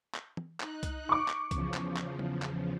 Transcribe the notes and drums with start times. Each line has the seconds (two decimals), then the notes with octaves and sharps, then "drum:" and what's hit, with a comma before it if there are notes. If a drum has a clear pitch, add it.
0.15 drum: clap
0.37 drum: tom
0.60 D#4 F#6, drum: clap
0.83 drum: kick C2, hi-hat
1.09 C#6 D6
1.28 drum: clap
1.51 E2 C#3 F3, drum: kick C2, hi-hat
1.74 drum: clap
1.97 drum: clap
2.19 drum: tom
2.42 drum: clap